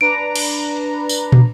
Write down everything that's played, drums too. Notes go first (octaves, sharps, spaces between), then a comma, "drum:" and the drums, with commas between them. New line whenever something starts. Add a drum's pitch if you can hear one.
D4 B4 A#5 D7
drum: cymbal
drum: tambourine
drum: tom